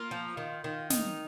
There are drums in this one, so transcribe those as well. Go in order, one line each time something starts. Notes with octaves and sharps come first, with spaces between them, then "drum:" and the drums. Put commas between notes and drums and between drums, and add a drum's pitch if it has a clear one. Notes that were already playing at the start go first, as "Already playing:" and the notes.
Already playing: A#3 F4
F3
D#3
D#3
D#4, drum: snare